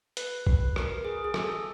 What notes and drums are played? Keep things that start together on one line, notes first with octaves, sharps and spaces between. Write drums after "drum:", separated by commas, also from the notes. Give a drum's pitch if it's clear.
B4, drum: hi-hat
B4, drum: kick A#1
A#4, drum: rim click
G#4
G#4
A4, drum: rim click